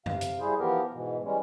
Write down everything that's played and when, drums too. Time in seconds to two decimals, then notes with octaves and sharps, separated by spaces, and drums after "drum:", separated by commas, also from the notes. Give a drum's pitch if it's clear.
0.06 C3 F5, drum: tom F#2
0.21 drum: hi-hat
0.39 G3 E4 G#4 C5
0.59 E3 F3 B3 G4 A#4
0.92 G#2 B2 E3
1.24 E3 G3 G#3 C#4